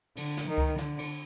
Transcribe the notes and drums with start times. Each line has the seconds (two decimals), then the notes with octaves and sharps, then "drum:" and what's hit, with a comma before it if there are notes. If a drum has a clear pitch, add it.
0.17 D3, drum: cymbal
0.37 drum: snare
0.47 D#3
0.58 drum: kick C#2
0.78 D3, drum: snare
0.98 drum: cymbal